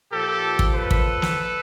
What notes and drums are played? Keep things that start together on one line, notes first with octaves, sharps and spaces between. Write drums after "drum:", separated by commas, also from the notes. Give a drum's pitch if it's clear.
A#2 F3 G4 A4
drum: kick
A4 B4
drum: kick
drum: snare